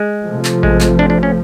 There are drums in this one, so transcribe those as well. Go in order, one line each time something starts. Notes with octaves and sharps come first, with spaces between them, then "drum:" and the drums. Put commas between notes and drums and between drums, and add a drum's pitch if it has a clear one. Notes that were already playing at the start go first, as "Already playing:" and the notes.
Already playing: G#3
C3 F3 A3
drum: clap
G#3, drum: kick A1
drum: clap
D4
D4
C#4